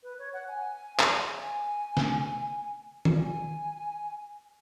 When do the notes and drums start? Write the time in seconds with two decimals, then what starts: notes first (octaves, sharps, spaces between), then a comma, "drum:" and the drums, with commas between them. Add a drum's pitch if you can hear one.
0.03 B4
0.19 C#5
0.33 F#5
0.48 G#5
1.00 drum: clap
1.38 G#5
1.97 drum: snare
3.05 drum: tom D#3
3.19 G#5